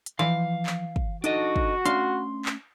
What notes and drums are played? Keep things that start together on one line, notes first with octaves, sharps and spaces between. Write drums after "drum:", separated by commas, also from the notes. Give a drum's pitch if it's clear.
drum: hi-hat
E3 F3 D5 F5 C6
drum: clap
drum: kick
D4 D#4 F#4 A4 D#5, drum: hi-hat
drum: kick
A3 C#4 D4 F5 C6, drum: hi-hat
drum: clap